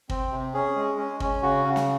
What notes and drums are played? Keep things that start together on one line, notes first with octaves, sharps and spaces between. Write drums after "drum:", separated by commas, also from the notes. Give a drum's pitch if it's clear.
C4, drum: kick
C3
C#4 G#4
G#3
C#4
C#4, drum: kick
C#3 F#4
C#3
drum: snare